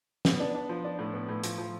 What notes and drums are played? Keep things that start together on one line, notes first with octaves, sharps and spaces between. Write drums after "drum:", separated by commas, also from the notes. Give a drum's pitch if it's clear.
B3, drum: snare
D4
D4
F3
D4
A2
B3
A2
F3, drum: hi-hat
F3